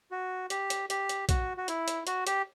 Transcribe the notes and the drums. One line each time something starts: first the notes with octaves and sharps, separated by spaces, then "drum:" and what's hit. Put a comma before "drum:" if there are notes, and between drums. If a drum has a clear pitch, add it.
F#4
G4, drum: hi-hat
drum: hi-hat
G4, drum: hi-hat
drum: hi-hat
F#4, drum: kick, hi-hat
F#4
E4, drum: hi-hat
drum: hi-hat
F#4, drum: hi-hat
G4, drum: hi-hat